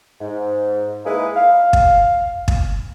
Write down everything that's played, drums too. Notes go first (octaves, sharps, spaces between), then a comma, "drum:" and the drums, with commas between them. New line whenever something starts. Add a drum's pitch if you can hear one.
G#2
G#3 A#3 D#4 E4 G#4 B4
F5
drum: kick
drum: kick